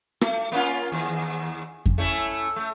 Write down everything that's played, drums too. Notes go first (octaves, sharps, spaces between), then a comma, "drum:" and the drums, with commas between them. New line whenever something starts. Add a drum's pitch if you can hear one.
A3, drum: rim click
A#3 C#4 F4
D#2
drum: kick F2
A3 C#4 E4
A3